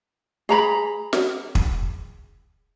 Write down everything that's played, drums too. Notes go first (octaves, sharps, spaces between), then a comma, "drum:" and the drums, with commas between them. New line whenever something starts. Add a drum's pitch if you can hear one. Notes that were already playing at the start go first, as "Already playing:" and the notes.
G#4 A#5 B5
drum: snare
drum: kick